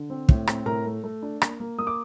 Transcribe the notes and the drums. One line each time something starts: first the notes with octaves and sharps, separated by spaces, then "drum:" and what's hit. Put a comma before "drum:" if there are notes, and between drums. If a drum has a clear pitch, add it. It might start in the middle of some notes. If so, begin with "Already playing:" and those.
Already playing: D3
C4
A2, drum: kick
C4, drum: rim click
A2 A#4 A#5
A3
A3
D4
A#3, drum: rim click
A#3
A#3 D#6
D6